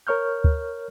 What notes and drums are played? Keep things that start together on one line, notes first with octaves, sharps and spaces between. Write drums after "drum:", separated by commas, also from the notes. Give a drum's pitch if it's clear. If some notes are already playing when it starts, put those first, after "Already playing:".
A#4 C#5 C#6 F6 G6
drum: kick